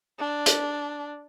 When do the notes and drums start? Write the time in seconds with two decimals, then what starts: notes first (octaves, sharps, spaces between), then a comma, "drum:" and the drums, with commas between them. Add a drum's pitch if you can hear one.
0.19 D4
0.46 drum: hi-hat